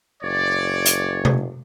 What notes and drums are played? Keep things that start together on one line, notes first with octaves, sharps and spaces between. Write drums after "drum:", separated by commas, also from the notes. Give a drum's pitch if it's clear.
F#1 C#5 D5
drum: hi-hat
drum: tom C3